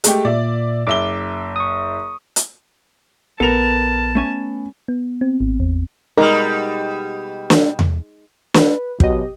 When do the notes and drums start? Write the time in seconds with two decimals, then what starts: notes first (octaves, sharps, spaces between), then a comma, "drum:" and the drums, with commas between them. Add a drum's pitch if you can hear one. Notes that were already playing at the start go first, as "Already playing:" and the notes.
0.04 G#3 A3 G4, drum: hi-hat
0.25 A#2 D5 E5
0.87 F#1 E5 D6 G7
1.56 C#6 D#6
2.36 drum: hi-hat
3.40 A#1 B3 A4 A#4 A5 F7
4.15 A3 C#4 G#5
4.88 B3
5.21 C4
5.40 G#1
5.60 E2
6.18 B2 G3 G#3 D#4 A#4
7.50 drum: snare
7.79 drum: tom E2
8.54 B4, drum: snare
9.00 B2 F#3 G4 D#5, drum: kick